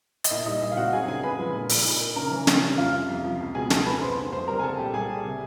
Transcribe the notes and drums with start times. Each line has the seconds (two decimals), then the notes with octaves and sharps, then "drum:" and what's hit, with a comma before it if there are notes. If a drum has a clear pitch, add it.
0.24 D#5, drum: hi-hat
0.31 A#2 E4 E5
0.46 G3 D#4 D#5
0.62 A#2 E4 E5
0.72 F5
0.77 C4 F#4 F#5
0.93 F#2 G#4 G#5
1.08 D3 G#4 G#5
1.23 G#3 B4 B5
1.39 F3
1.55 A#2
1.69 F3, drum: open hi-hat
1.85 D#4
2.01 A#3
2.16 C#3 A#4 A#5
2.32 E3
2.47 C#3, drum: snare
2.63 G3
2.78 F2 F4 F5
2.94 C3
3.09 F2
3.24 F3
3.40 C#2
3.55 B2 G#4 G#5
3.70 B3 A4 A5, drum: snare
3.86 G#3 B4 B5
4.01 F2 C5 C6
4.17 D3
4.32 F2 C5 C6
4.48 G3 A#4 A#5
4.59 G#5
4.63 C2 A4 A5
4.78 A#2 G4 G5
4.94 C2 G#4 G#5
5.10 G3
5.25 C3